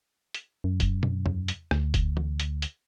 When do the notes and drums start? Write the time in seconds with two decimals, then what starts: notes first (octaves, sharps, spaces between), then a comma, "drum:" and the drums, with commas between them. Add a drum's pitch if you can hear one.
0.34 drum: hi-hat
0.64 F#2
0.80 drum: kick E1, hi-hat
1.03 drum: tom
1.26 drum: tom E2
1.48 drum: hi-hat
1.71 D2, drum: rim click
1.94 drum: kick E1, hi-hat
2.17 drum: tom
2.40 drum: hi-hat
2.62 drum: hi-hat